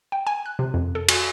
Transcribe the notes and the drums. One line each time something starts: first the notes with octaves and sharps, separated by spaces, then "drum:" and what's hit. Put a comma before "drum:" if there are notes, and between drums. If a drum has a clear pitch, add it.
G5
G#5
F#6
C3
F2
A4
F#4, drum: cymbal